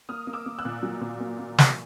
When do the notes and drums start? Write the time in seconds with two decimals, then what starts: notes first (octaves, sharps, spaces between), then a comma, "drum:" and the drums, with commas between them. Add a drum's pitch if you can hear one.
0.09 A#3 D#6 F6
0.27 A#3
0.33 D6 E6
0.46 A#3
0.58 E6 F#6
0.65 A#2
0.83 F#3
1.01 A#2
1.20 A#3
1.39 A#3
1.58 E3, drum: snare